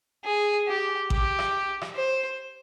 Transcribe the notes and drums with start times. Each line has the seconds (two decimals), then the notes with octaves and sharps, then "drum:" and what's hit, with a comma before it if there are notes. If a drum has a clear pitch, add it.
0.24 G#4
0.67 G4
1.10 G4, drum: kick A1
1.39 drum: rim click
1.81 drum: rim click
1.95 C5